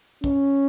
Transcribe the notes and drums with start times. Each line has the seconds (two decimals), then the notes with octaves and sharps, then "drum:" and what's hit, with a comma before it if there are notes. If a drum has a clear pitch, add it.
0.24 C#4, drum: kick